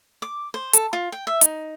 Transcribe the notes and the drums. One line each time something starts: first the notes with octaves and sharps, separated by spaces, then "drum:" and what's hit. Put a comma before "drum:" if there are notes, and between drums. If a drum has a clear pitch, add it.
D6
C5
A4, drum: hi-hat
F4
G5
E5
D#4, drum: hi-hat